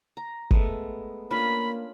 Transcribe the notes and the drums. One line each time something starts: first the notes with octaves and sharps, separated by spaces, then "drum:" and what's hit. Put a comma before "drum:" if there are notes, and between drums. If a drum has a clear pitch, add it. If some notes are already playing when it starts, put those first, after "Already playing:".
A#5
G#3 A3 B3, drum: kick G1
A#3 C#4 D4 F4 B5